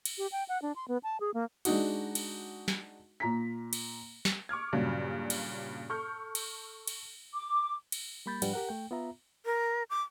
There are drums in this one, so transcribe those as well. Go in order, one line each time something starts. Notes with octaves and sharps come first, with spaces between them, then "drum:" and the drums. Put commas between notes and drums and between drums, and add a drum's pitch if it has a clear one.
drum: cymbal
G4
G5
F#5
D4
C6
B3
A5
G#4
A#3
G#3 D4 D#4 F#4, drum: cymbal
drum: cymbal
drum: snare
A#2 A#5 B6
drum: cymbal
drum: snare
C#6 D6 F6 G#6
G2 A#2 C#3 F#3 G3
drum: cymbal
A4 C#6 F6 G6
drum: cymbal
drum: cymbal
D6
drum: cymbal
G3 A#3 B5 G6 A6
G#2 F3 G3 D4 B4 F#5, drum: cymbal
G4 A#4 F#5
A3 G5
B3 F4 E5 A#5
A#4
D6